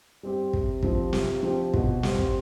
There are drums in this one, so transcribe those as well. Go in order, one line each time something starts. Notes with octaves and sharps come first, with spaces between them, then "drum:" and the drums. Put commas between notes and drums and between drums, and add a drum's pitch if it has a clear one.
G3 C4 G4
C3, drum: kick
F3 C4 G4, drum: kick
C3, drum: snare
F3 C4 G4
B2, drum: kick
G3 C4, drum: snare
drum: kick